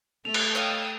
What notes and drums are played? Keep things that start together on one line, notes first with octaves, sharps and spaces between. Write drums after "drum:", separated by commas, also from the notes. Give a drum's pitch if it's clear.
A3 A4 F7
drum: cymbal
C#5 D#5 F5 G5 D#6 E6